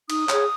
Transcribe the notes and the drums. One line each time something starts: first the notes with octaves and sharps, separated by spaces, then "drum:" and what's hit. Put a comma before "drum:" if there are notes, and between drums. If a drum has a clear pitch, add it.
D#4 D#6, drum: cymbal
G#4 C#5, drum: clap